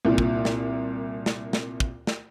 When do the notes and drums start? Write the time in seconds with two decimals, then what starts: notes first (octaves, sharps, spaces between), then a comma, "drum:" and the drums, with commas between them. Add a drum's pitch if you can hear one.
0.05 C2 A#2
0.18 drum: kick
0.45 drum: snare
1.26 drum: snare
1.53 drum: snare
1.80 drum: kick
2.07 drum: snare